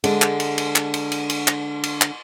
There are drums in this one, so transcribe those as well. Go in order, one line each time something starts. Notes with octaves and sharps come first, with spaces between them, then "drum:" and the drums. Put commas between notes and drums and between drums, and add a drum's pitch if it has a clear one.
D3 G#3, drum: cymbal
drum: clap
drum: cymbal
drum: cymbal
drum: clap
drum: cymbal
drum: cymbal
drum: cymbal
drum: clap
drum: cymbal
drum: clap